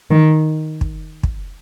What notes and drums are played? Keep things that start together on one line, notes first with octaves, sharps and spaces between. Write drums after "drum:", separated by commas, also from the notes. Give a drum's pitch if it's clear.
D#3
drum: kick
drum: kick